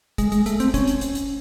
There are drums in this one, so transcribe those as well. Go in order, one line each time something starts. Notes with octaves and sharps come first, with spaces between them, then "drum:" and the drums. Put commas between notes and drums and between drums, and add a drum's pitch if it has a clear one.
G#3, drum: kick, hi-hat
G#3, drum: hi-hat
A3, drum: hi-hat
C4, drum: hi-hat
C#4, drum: kick, hi-hat
drum: hi-hat
drum: hi-hat
drum: hi-hat